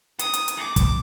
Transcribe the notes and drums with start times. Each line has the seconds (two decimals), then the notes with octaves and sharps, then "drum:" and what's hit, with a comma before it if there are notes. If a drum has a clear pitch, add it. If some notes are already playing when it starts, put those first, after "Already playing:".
0.19 D#6, drum: hi-hat
0.34 drum: hi-hat
0.48 drum: hi-hat
0.58 D6
0.76 drum: kick, hi-hat